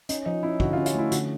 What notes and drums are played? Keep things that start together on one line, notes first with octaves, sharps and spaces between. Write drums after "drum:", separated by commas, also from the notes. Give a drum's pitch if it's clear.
C#4 D#4, drum: hi-hat
F3 D#4
C#4 E4
D3 F#4, drum: kick
F4
C#4
F4, drum: hi-hat
A3 E4
D3 F#4, drum: hi-hat